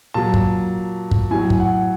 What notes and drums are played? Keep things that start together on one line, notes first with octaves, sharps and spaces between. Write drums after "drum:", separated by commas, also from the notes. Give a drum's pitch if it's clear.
A#2 F#3 A5
drum: kick
drum: kick
A2 F#3 G#5
drum: kick
F#5